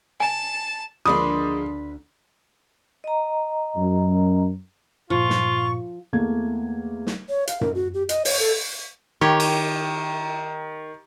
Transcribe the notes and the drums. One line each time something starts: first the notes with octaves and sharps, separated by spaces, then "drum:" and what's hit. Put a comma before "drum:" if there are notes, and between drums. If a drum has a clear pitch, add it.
G#5 A5
D2 F3 G#3 A#3 B4 D5 C6 D#6
D#5 A#5
F#2
G2 A#2 F3 F4 C#6
drum: snare
E2 A3 A#3 G#6
drum: snare
C#5
F5, drum: hi-hat
A#4, drum: tom F#2
F#4
G4
D#5, drum: hi-hat
C#5, drum: open hi-hat
A4
D#3 G4 C#5
drum: cymbal